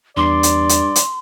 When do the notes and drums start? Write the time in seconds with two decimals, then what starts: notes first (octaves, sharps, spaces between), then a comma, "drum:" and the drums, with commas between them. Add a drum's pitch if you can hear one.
0.17 E2 G2 D5 C6 D6 C7
0.43 drum: hi-hat
0.69 drum: hi-hat
0.96 drum: hi-hat